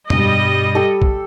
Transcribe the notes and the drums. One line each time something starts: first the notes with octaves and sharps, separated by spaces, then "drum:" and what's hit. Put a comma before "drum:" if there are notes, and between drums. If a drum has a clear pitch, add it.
G2 B2 G3 D#5, drum: tom F2
G4 A4
drum: kick B1